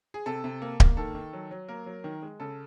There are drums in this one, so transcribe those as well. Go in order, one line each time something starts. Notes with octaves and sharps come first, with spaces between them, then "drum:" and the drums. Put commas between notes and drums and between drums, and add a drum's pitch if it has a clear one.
G#4
C3 A4
C3
A#3
A#3, drum: kick D1
D#3 A4
D#3
F#3
F#3
A#3 A#4
F#3
D#3
G#3
C#3 A4